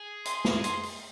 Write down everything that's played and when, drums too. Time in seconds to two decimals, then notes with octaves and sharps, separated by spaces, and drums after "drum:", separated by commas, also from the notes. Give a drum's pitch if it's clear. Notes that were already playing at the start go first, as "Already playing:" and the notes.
Already playing: G#4
0.25 C6, drum: hi-hat
0.45 drum: snare
0.64 C6, drum: hi-hat
0.83 drum: open hi-hat